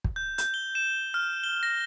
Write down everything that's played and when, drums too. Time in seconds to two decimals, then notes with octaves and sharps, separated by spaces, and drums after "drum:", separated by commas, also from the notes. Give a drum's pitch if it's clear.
0.04 drum: kick
0.16 G6
0.38 G6, drum: hi-hat
0.54 G7
0.75 E7
1.14 F6
1.44 G7
1.63 A#6